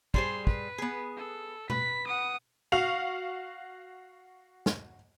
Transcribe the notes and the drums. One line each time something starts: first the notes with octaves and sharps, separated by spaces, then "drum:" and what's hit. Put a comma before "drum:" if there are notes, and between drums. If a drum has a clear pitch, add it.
G3 G#4 C5 C6, drum: kick
B4, drum: kick
B3 G#4
A4
B4 B6, drum: tom B2
F#5 D#6
F#4 F5 F7
drum: snare